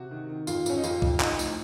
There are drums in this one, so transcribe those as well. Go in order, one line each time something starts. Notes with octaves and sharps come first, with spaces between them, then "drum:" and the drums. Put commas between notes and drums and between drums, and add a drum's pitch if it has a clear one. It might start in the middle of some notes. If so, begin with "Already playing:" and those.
Already playing: C3 F#4
D#3
D#3
F2 F4, drum: tambourine
F2 C#4, drum: tambourine
D#4
F2 F4, drum: tambourine
F2, drum: kick
F3 D#4, drum: clap
A2, drum: tambourine